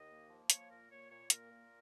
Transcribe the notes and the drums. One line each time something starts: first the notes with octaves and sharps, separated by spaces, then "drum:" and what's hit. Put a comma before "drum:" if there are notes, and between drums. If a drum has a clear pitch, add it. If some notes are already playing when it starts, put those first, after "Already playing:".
Already playing: D#2 D#5
A#3
F3
A#3 C#5, drum: hi-hat
A#2 A#4
A#3 C#5
A#2 C#5
A#3 A#4, drum: hi-hat
A#2